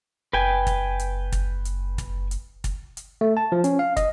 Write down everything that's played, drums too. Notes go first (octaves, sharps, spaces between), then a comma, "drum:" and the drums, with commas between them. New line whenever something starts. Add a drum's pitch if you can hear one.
F#1 B4 G5 G#5
drum: kick, hi-hat
drum: hi-hat
drum: kick, hi-hat
drum: hi-hat
drum: kick, hi-hat
drum: hi-hat
drum: kick, hi-hat
drum: hi-hat
A3
A5
F3
C#4, drum: hi-hat
F5
D#5, drum: kick, hi-hat